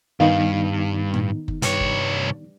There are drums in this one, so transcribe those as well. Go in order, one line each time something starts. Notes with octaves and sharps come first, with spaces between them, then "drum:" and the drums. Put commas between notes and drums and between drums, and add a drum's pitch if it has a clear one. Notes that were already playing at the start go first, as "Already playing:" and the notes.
G2 D#3 B3 D#4 F5
drum: tom A2
drum: kick F#1
C2 G2 C#5, drum: hi-hat
drum: kick F#1